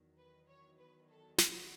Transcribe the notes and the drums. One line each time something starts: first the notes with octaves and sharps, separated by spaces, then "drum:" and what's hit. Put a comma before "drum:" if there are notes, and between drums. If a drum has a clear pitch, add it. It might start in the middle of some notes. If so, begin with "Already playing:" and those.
Already playing: E2 D#3 F#3
B4
C#5
B4
A4
F#4, drum: snare